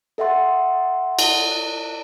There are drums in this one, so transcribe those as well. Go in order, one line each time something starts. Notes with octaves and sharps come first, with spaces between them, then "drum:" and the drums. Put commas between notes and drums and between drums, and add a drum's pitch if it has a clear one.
A4 D#5 E5 F#5 C6 A6
drum: cymbal